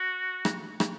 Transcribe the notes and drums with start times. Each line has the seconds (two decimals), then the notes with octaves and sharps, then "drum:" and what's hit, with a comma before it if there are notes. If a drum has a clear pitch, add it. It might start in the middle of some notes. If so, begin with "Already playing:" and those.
Already playing: F#4
0.45 drum: rim click
0.80 drum: rim click